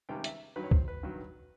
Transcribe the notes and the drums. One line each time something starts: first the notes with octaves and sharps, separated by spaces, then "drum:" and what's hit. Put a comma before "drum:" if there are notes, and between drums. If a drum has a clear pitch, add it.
C#2 C3 D#3 G3 G5
E5, drum: hi-hat
G2 D#3 F#3 B4
C#5
C5, drum: kick
B4
G2 D#3 F#3